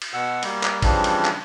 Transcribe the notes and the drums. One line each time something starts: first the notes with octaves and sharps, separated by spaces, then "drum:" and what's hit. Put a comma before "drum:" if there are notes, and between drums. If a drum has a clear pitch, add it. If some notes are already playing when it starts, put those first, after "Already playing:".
drum: cymbal
B2 F#5 E6
G3 A#3, drum: cymbal
drum: clap
C#3 E3 F3 G3 C4 D4, drum: kick A1, cymbal
drum: cymbal
drum: clap